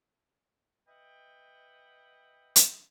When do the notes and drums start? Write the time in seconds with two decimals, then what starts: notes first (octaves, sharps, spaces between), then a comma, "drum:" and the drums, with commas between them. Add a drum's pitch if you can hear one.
0.88 B4 D#5 E5 F#5 G5
2.56 drum: hi-hat